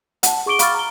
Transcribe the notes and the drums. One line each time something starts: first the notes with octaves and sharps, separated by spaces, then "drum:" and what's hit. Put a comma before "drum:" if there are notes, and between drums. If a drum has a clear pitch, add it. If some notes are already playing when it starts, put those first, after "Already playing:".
F#5 A5, drum: hi-hat
G#4 C#6 D6 D7 G7
F5 B5 C#6 D6 F6 A6, drum: hi-hat
A#5 G7